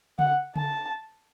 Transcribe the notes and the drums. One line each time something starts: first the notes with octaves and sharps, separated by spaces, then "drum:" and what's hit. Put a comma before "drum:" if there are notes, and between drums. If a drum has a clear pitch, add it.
F#5, drum: tom C#3
A5, drum: tom C#3